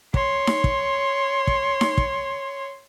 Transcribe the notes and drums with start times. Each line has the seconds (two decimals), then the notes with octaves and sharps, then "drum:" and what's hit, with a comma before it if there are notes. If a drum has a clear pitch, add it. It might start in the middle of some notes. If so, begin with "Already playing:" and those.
0.14 C#5 C6, drum: kick
0.47 drum: snare D#4
0.64 drum: kick
1.47 drum: kick
1.81 drum: snare D#4
1.98 drum: kick